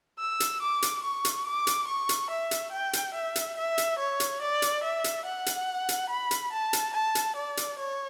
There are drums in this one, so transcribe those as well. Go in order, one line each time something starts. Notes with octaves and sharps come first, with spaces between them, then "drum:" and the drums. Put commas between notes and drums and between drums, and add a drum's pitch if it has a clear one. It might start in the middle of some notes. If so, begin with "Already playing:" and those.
E6
drum: hi-hat
D6
drum: hi-hat
C#6
drum: hi-hat
D6
drum: hi-hat
C#6
drum: hi-hat
E5
drum: hi-hat
G5
drum: hi-hat
E5
drum: hi-hat
E5
drum: hi-hat
C#5
drum: hi-hat
D5
drum: hi-hat
E5
drum: hi-hat
F#5
drum: hi-hat
drum: hi-hat
B5
drum: hi-hat
A5
drum: hi-hat
A5
drum: hi-hat
D5
drum: hi-hat
C#5